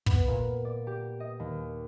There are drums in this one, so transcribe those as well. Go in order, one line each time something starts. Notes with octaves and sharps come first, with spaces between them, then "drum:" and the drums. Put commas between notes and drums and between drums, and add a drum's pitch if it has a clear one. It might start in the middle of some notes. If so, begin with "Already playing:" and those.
B3, drum: kick
A#2
D5
G4
D#5
D#2